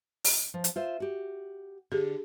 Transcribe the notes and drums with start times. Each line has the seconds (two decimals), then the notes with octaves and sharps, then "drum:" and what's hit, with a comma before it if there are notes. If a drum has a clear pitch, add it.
0.24 drum: open hi-hat
0.54 F3
0.64 drum: hi-hat
0.76 F4 C5 E5
1.00 F#4 G4
1.92 D3 G4 G#4